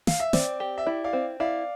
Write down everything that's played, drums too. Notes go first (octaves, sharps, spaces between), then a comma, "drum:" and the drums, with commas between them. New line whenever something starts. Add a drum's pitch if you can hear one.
F5, drum: snare
E5
C4 D5, drum: snare
G4
E5
E4 D5
D5 F5
C4
E4 D5 F5